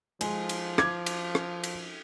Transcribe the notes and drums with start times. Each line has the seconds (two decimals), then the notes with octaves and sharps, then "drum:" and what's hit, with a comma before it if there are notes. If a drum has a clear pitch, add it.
0.21 F3 G#3, drum: cymbal
0.49 drum: cymbal
0.78 D6 G#6, drum: rim click
1.06 drum: cymbal
1.35 drum: rim click
1.64 drum: cymbal